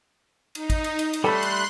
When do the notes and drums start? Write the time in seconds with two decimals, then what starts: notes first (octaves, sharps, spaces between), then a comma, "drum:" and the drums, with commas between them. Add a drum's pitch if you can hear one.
0.55 D#4, drum: cymbal
0.70 drum: kick, cymbal
0.84 drum: cymbal
0.99 drum: cymbal
1.13 drum: cymbal
1.24 G3 A3 A4 B5 C6 F#6
1.43 drum: cymbal